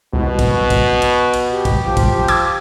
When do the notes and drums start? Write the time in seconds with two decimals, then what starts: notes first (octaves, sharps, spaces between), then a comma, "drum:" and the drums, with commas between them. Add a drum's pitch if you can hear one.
0.13 C2 B2
0.39 drum: kick, cymbal
0.70 drum: kick, cymbal
1.02 drum: cymbal
1.34 drum: cymbal
1.51 G4
1.65 drum: kick, cymbal
1.85 F3
1.97 drum: kick, cymbal
2.28 D6 E6 G#6, drum: cymbal